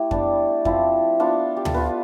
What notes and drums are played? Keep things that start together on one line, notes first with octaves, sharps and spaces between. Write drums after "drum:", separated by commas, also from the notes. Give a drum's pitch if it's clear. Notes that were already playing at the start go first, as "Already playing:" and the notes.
Already playing: A3 E4 G4
G3 B3 D4, drum: kick F2
F3 C4 E4, drum: kick F2
B3 D4 F4
G4
A4, drum: tom D2
B3 F4 B4